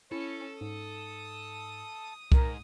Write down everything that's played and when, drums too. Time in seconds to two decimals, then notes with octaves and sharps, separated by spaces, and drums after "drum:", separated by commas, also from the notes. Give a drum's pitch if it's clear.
0.12 C#4 E4 A4
0.61 G#2 D#6
2.32 G#2 A#4, drum: kick C2